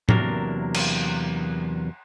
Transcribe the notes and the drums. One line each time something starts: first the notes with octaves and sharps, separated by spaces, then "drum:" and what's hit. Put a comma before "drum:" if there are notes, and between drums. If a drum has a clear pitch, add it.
E2 C3 F#3 A#3 D4 A#4, drum: tom A2
drum: cymbal